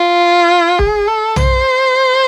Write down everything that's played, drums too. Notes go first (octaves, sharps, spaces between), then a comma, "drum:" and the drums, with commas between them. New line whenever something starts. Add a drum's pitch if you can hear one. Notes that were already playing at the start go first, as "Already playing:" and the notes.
Already playing: F4
G#4, drum: kick
A4
C5, drum: tom